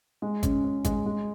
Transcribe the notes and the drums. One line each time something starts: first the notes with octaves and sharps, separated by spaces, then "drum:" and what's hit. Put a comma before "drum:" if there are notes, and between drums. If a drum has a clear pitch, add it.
G#3
C#4, drum: kick G#1, hi-hat
C#4
G#3, drum: kick G#1, hi-hat
G#3